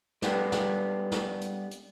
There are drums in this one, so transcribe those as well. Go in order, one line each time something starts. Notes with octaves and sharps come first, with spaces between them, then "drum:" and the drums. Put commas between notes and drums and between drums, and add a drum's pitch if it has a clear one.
G3 G#3 B3 D4 G4, drum: snare
drum: snare
drum: snare
drum: hi-hat
drum: hi-hat